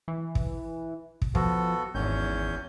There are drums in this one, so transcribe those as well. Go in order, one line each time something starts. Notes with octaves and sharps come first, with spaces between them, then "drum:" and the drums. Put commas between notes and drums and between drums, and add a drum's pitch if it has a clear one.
E3
drum: kick
drum: kick
F3 B3 F#4 A4, drum: kick
G#1 E2 C#4 G6